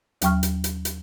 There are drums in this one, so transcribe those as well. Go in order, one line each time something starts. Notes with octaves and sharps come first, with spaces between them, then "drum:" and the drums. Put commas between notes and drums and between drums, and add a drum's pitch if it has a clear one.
D#2 F#3 G5 C#6 F6, drum: hi-hat
drum: hi-hat
drum: hi-hat
drum: hi-hat